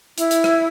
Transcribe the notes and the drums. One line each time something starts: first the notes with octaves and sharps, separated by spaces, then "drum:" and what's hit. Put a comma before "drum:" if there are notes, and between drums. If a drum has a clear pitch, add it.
E4, drum: hi-hat
drum: hi-hat
drum: rim click